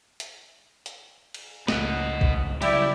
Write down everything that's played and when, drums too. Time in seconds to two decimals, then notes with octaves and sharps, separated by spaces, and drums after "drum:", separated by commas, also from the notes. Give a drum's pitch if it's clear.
0.20 drum: hi-hat
0.86 drum: hi-hat
1.34 drum: cymbal
1.68 C#2 A2 D#5 F#5, drum: snare
2.21 drum: kick A#1
2.62 C#3 F#3 G3 E4 G4 D5, drum: cymbal